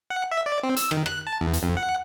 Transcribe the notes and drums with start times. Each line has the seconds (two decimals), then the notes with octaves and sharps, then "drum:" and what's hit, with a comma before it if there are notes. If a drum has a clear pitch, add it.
0.10 F#5
0.31 E5
0.46 D5
0.63 C4
0.77 E6, drum: hi-hat
0.91 D#3, drum: rim click
1.06 F#6, drum: rim click
1.27 A5
1.41 E2
1.53 drum: hi-hat
1.63 F2
1.77 F#5